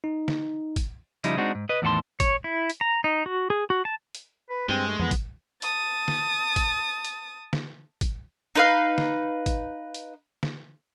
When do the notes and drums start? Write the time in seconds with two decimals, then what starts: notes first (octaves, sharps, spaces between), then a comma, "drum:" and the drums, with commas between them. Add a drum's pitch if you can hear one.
0.04 D#4
0.28 drum: snare
0.76 drum: kick, hi-hat
1.24 C#3 F3 G3 D#4 E4, drum: hi-hat
1.37 G#3 C4 D4 D#4 F#4
1.55 G#2
1.69 B4 D#5
1.82 E2 A2 D#3 F#4 A5 C6
2.20 C#5, drum: kick, hi-hat
2.44 E4
2.70 drum: hi-hat
2.81 A#5
3.04 D#4
3.26 F#4
3.50 G#4
3.70 F#4
3.85 A5
4.15 drum: hi-hat
4.50 B4
4.69 G2 G#3 C4
4.87 A3
4.99 F2 E3 B3
5.11 drum: kick, hi-hat
5.62 A5 D#6, drum: hi-hat
6.08 drum: snare
6.56 drum: kick, hi-hat
7.05 drum: hi-hat
7.53 drum: snare
8.01 drum: kick, hi-hat
8.55 D#4 B4 F5
8.98 drum: snare
9.46 drum: kick, hi-hat
9.94 drum: hi-hat
10.43 drum: snare